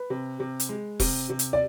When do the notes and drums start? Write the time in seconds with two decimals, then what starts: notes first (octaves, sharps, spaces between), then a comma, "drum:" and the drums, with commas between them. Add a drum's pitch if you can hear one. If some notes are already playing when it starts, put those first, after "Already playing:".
Already playing: B4
0.10 C3
0.40 C3
0.60 drum: hi-hat
0.69 G#3
1.00 C3, drum: kick E1, open hi-hat
1.30 C3
1.39 drum: hi-hat
1.53 D5